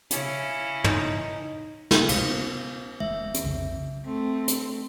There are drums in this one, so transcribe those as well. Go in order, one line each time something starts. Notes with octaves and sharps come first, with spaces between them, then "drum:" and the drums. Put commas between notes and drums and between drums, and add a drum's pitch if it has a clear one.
C#3 C#4 E4, drum: hi-hat
D#4, drum: tom
drum: snare
D2 C3 G#3 F5 C#7, drum: cymbal
B3 C#4
E1 E2 G#3 E5
drum: hi-hat
B1 F2 C#3
A3 C4
drum: hi-hat